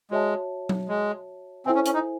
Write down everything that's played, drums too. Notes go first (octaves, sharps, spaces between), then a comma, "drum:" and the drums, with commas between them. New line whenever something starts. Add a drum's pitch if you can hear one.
G#3 F#4 C#5 E5 A5
drum: tom F#3
G#3
C4 E4 A4 C5 E5 G#5
C#4
C#4, drum: hi-hat
D#4